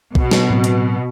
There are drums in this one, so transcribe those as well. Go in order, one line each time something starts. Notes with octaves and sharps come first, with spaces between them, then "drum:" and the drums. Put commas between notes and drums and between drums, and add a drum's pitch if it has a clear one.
B2, drum: kick B1
drum: snare
A2 F#3 C4
drum: hi-hat